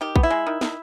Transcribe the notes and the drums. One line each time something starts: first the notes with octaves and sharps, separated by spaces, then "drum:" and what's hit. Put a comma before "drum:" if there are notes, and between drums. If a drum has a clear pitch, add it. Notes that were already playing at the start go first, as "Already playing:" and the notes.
D#3 G4
B3, drum: kick
E4
G#3
D#3
D#3, drum: snare